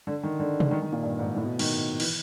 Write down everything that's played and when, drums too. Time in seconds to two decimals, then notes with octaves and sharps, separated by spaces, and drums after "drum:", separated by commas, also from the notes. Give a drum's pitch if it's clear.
0.07 D3
0.23 D#3
0.40 D3
0.60 drum: tom
0.71 D#3
0.82 D#3
0.92 A#2
1.03 G2
1.19 G#2
1.36 A2
1.44 B2
1.59 D#3, drum: cymbal
2.00 E3, drum: cymbal